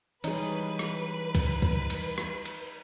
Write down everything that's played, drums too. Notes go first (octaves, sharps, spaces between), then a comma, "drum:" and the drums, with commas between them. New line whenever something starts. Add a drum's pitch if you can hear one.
E3 G3 D#4 G#4 B4 C#5, drum: cymbal
drum: rim click
drum: kick, cymbal
drum: kick
drum: cymbal
drum: rim click
drum: cymbal